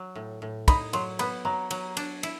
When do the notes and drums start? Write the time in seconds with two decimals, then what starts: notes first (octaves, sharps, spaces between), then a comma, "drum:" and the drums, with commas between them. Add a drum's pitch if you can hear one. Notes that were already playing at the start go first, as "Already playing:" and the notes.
Already playing: F#3
0.15 A2
0.42 A2
0.68 D#4 B5, drum: kick, cymbal
0.93 F#3 C6, drum: cymbal
1.19 B3 B5, drum: cymbal
1.45 F#3 A#5
1.71 F#3, drum: cymbal
1.97 D4, drum: cymbal
2.23 E4, drum: cymbal